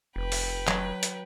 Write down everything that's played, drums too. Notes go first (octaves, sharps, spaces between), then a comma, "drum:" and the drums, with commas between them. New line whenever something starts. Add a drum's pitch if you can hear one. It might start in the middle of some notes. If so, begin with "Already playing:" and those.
F1 B4 G5
drum: open hi-hat
F#3, drum: clap
drum: hi-hat